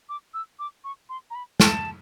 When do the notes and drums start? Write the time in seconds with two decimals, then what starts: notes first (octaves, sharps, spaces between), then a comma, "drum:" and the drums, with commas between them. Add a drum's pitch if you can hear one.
0.09 D6
0.34 E6
0.59 D6
0.84 C#6
1.09 C6
1.31 A#5
1.35 B5
1.60 A5, drum: snare